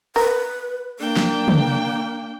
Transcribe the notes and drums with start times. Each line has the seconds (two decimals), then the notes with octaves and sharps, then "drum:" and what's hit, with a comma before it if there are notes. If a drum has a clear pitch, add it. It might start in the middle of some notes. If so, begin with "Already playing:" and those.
0.16 A#4 B4
0.99 A#3 D4 G5
1.17 drum: snare
1.48 drum: tom